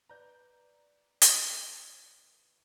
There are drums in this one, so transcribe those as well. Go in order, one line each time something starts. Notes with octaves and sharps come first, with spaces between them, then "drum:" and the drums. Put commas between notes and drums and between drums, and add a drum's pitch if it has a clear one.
B4 D5 A#5 G6
drum: hi-hat